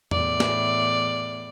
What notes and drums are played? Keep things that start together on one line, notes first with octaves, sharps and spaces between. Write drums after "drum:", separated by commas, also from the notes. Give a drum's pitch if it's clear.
E2 A2 D5, drum: tom E2
drum: snare